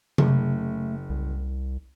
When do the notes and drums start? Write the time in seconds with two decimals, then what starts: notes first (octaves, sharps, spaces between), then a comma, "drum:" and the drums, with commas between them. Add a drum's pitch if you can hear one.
0.18 F#1 A3, drum: tom C3
1.10 C2